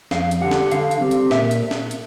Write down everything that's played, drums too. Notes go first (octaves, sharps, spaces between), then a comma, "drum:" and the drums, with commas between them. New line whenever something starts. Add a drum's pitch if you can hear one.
F2 F5, drum: snare
drum: hi-hat
D3 G3 F#5
drum: snare
D3 F5, drum: hi-hat
drum: hi-hat
G3 C4
drum: hi-hat
A#2 E5, drum: snare
drum: hi-hat
drum: snare
drum: hi-hat